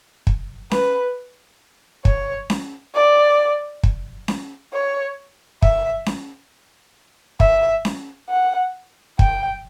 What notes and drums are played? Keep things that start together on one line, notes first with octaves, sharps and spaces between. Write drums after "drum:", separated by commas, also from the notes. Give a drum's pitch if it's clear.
drum: kick
B4, drum: snare C#4
C#5, drum: kick
drum: snare C#4
D5
drum: kick
drum: snare C#4
C#5
E5, drum: kick
drum: snare C#4
E5, drum: kick
drum: snare C#4
F#5
G5, drum: kick